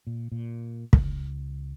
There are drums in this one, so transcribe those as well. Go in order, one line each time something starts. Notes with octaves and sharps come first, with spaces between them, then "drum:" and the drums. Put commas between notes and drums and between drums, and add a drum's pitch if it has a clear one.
A#2
A#2
C#2, drum: kick